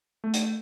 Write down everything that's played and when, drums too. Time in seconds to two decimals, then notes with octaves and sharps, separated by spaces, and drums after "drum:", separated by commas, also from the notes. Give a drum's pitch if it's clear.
0.24 A3
0.34 drum: hi-hat